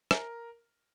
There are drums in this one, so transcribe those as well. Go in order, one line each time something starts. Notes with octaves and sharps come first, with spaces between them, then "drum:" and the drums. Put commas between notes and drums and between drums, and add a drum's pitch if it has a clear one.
A#4, drum: rim click